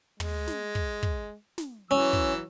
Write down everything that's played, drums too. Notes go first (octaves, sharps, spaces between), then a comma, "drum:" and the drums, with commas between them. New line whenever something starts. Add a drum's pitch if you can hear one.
G#3, drum: tom
drum: snare
drum: kick
drum: kick
drum: snare
E3 F#3 C#4 E6
drum: kick